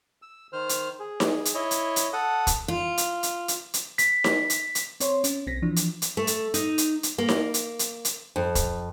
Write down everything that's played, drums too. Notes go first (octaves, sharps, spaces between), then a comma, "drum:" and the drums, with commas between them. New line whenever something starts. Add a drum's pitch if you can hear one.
E6
D#3 C5 F6
drum: hi-hat
G#4
drum: snare D#4
drum: hi-hat
E4 C#5 D#5
drum: hi-hat
drum: hi-hat
A4 F#5 D#6
drum: kick, hi-hat
F4
drum: hi-hat
drum: hi-hat
drum: hi-hat
drum: hi-hat
B6, drum: hi-hat
drum: snare D#4
drum: hi-hat
drum: hi-hat
C4 C#5 C6, drum: hi-hat
C#4, drum: hi-hat
B1 C4 A#6 B6
E3 F3 D4
drum: hi-hat
drum: hi-hat
A3
drum: hi-hat
D#4, drum: hi-hat
drum: hi-hat
drum: hi-hat
A#3
drum: snare D#4
drum: hi-hat
drum: hi-hat
drum: hi-hat
F2
drum: kick, hi-hat